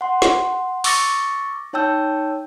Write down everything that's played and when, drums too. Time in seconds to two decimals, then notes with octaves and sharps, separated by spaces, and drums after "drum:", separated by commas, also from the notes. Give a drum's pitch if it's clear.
0.01 F#5 C6
0.22 drum: snare
0.84 C#6 D6 E6 A6 A#6 C#7, drum: open hi-hat
1.73 D#4 C#5 G5 A5 E6 G6